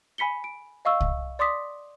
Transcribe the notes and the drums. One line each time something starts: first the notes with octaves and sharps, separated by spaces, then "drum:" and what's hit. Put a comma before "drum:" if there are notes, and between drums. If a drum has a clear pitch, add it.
G#5 B5 B6 C#7 G7
D7
D#5 F5 C#6 E6
drum: kick C2
D5 C6 D6 D#6 B6